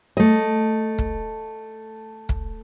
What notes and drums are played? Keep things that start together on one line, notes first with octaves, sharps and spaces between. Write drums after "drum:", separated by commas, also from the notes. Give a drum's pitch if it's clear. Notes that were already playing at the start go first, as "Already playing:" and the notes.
A3 D#5
drum: kick
drum: kick